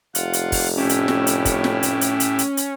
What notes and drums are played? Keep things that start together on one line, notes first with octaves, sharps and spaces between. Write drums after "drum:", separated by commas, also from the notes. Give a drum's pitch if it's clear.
F1 F4 F5 F#5, drum: hi-hat
drum: hi-hat
drum: kick, open hi-hat
A2 C#4 E4 G4
drum: hi-hat
drum: snare
drum: hi-hat
drum: kick, hi-hat
drum: snare
drum: hi-hat
drum: hi-hat
drum: hi-hat
drum: hi-hat
drum: hi-hat